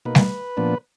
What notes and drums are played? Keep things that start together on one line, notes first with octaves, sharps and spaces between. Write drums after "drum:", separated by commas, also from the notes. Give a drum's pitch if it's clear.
B2 A#3 D#4 B4
drum: snare G3
A#2 F3 B3 D4